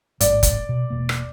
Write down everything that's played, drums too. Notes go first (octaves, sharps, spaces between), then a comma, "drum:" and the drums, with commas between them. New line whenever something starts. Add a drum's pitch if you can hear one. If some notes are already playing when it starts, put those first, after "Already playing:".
A1 G#2 G3 D5, drum: hi-hat
drum: kick F1, hi-hat
B2
E1 B2 A#3
drum: rim click